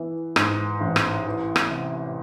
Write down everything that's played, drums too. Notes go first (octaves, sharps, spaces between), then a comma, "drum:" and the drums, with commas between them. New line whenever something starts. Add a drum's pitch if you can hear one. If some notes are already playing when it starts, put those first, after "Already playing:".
Already playing: E3 B3
G#2, drum: rim click
A1
drum: rim click
E3
drum: rim click
C3